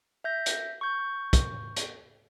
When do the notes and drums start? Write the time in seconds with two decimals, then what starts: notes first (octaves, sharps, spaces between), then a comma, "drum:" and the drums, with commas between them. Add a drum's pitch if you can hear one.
0.24 E5 G6 A#6
0.46 drum: hi-hat
0.81 C#6 G6
1.33 drum: kick, hi-hat
1.77 drum: hi-hat